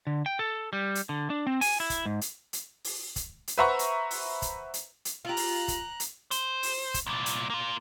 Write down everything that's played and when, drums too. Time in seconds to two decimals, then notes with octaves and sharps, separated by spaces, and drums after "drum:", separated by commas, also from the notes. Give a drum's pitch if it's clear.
0.07 D3
0.26 G5
0.39 A4
0.73 G3
0.95 drum: hi-hat
1.09 D3
1.30 D4
1.47 C4
1.61 G#5, drum: open hi-hat
1.80 E4
1.90 drum: kick, hi-hat
2.06 G#2
2.21 drum: hi-hat
2.53 drum: hi-hat
2.84 drum: open hi-hat
3.16 drum: kick, hi-hat
3.47 drum: hi-hat
3.58 B4 C5 E5 F#5 A#5 C#6
3.79 drum: hi-hat
4.11 drum: open hi-hat
4.42 drum: kick, hi-hat
4.74 drum: hi-hat
5.05 drum: hi-hat
5.25 F4 G4 A#5 F#6
5.37 drum: open hi-hat
5.68 drum: kick, hi-hat
6.00 drum: hi-hat
6.31 C5, drum: hi-hat
6.63 drum: open hi-hat
6.94 drum: kick, hi-hat
7.06 C2 A#2
7.26 drum: hi-hat
7.50 A#3 F4